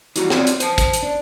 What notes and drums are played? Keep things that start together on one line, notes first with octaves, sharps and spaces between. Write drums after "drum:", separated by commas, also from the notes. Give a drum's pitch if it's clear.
E3 G3 F#4 A#5, drum: hi-hat
C4 D4 F4 A#4 C#5 D5, drum: snare
drum: hi-hat
C5 A5, drum: hi-hat
drum: kick, hi-hat
drum: hi-hat
D4